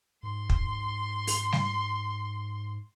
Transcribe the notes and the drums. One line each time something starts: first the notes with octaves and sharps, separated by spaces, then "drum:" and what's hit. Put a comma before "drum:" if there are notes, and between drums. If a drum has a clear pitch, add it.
G#2 C6
drum: kick
drum: open hi-hat
drum: snare G3